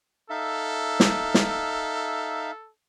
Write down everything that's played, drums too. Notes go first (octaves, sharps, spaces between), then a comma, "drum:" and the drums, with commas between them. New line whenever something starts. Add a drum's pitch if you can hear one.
D#4 A4 E5 F5
drum: snare
drum: snare